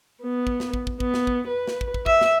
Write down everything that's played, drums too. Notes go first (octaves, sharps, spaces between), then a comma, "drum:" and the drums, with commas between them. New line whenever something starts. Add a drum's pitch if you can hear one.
B3
drum: kick
drum: snare
drum: kick
drum: kick
B3, drum: kick
drum: snare
drum: kick
B4
drum: snare
drum: kick
drum: kick
E5, drum: kick
drum: snare